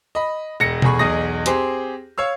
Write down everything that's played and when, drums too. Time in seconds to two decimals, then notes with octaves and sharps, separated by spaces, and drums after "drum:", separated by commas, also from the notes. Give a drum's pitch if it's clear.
0.15 D#5 B5
0.60 E1 A#6 C#7
0.82 F1 E2 G#4 B5 C#6, drum: tom B2
0.99 B1 E2 G#4 D#5 D#6 A#6
1.46 C4 G4 G#4 C5, drum: hi-hat
2.18 C#5 F5 E6